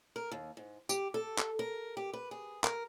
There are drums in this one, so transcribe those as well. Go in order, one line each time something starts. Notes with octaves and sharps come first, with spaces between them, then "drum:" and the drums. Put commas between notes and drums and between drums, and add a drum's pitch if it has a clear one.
A#4
D#2
G#2
G4, drum: tambourine
A4
drum: clap
A#4
G4
B4
G#4
A#4, drum: clap